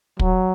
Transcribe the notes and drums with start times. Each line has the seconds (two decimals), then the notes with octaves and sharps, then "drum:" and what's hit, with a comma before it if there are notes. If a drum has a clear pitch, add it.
0.19 F#3, drum: kick